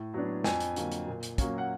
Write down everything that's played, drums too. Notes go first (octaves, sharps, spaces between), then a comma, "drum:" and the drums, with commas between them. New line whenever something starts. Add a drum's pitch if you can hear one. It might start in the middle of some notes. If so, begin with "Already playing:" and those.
Already playing: A2
F#3 B3 D4
F2 G#5, drum: snare
drum: hi-hat
D3 F#3 A#3, drum: hi-hat
drum: hi-hat
A#2
drum: hi-hat
F#3 A#3 C#4, drum: kick, hi-hat
F#5